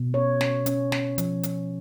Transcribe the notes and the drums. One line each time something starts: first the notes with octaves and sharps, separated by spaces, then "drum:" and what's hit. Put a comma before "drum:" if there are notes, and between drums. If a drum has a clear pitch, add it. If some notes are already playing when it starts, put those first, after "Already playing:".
Already playing: B2
C#4 C#5
C#4, drum: snare
C#4, drum: hi-hat
C#4, drum: snare
F3, drum: hi-hat
drum: hi-hat